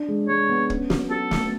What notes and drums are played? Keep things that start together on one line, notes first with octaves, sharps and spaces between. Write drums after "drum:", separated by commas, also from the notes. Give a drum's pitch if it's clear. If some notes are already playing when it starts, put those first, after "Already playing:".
Already playing: D4
G#3
G#3 C#5
B3
C#4, drum: kick
F#3, drum: snare
F#4 A4
A3, drum: snare